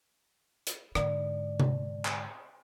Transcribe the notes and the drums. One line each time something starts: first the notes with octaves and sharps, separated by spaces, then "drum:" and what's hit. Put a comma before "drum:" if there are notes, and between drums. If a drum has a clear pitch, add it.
drum: hi-hat
G#2 D3 D5, drum: rim click
drum: tom C3
drum: clap